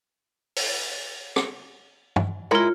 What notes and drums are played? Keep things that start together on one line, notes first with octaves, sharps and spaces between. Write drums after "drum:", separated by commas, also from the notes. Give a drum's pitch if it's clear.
drum: open hi-hat
drum: rim click
drum: tom
G#3 E4 F4 A#4 C#5